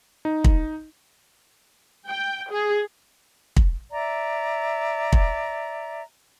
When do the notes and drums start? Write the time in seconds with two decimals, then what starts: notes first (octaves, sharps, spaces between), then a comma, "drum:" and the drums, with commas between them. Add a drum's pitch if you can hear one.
0.25 D#4
0.44 drum: kick
2.07 G5
2.51 G#4
3.57 drum: kick
3.92 D5 E5 A#5
5.13 drum: kick